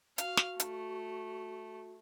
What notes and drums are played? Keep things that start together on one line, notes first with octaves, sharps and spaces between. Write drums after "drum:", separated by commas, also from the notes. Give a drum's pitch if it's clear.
F#4 F5, drum: hi-hat
drum: snare
A3, drum: hi-hat